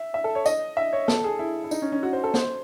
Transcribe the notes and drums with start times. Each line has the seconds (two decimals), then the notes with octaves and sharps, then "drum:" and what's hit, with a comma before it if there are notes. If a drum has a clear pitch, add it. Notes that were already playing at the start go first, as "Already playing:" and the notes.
Already playing: E5
0.14 E5
0.24 A4
0.35 C#5
0.46 D#5, drum: tambourine
0.77 E5
0.93 C#5
1.08 A4, drum: snare
1.24 G#4
1.39 E4
1.64 E4
1.71 D#4, drum: tambourine
1.82 C#4
1.92 C#4
2.03 F#4
2.13 C5
2.24 A4
2.34 C5, drum: snare